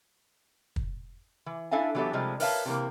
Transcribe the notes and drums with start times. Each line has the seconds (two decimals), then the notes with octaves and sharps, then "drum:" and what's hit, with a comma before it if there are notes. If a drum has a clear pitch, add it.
0.76 drum: kick
1.46 E3
1.71 D4 E4 A4 E5 F5 G#5
1.95 E3 F#3 B3 G4 A4 E5
2.13 C3 F3 G3 G#3
2.40 A#4 B4 C#5 E5 F5 A5, drum: open hi-hat
2.66 C3 E3 A#3